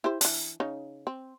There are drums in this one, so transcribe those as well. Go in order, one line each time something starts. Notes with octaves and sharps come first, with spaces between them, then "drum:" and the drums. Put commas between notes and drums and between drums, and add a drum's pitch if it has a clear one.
E4 G4 C5
E3 D4, drum: open hi-hat
C#3 D#4 C#5
C4